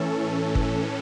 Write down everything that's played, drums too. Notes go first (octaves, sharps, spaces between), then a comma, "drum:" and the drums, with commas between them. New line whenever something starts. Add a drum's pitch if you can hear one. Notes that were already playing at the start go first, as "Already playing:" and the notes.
Already playing: A2 E3 C#4 A4
drum: kick G1